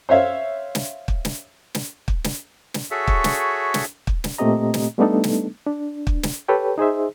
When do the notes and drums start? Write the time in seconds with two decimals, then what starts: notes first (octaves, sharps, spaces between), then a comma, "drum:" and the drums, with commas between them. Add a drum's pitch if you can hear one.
0.09 C5 C#5 E5 F5
0.75 drum: snare
1.08 drum: kick
1.25 drum: snare
1.75 drum: snare
2.08 drum: kick
2.24 drum: snare
2.74 drum: snare
2.91 F#4 G#4 A4 C#5 E5
3.07 drum: kick
3.24 drum: snare
3.74 drum: snare
4.07 drum: kick
4.24 drum: snare
4.38 A#2 A3 C4 G4 D#5 A#5
4.74 drum: snare
4.98 G3 A3 B3 D4 D#4 A4
5.24 drum: snare
5.67 D4
6.07 drum: kick
6.23 drum: snare
6.48 G4 A4 B4 C#5 G5
6.78 D#4 G#4 C5 E5